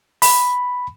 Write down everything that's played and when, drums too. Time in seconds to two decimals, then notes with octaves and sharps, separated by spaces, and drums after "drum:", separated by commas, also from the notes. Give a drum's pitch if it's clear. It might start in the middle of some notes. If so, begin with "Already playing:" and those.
0.22 B5, drum: open hi-hat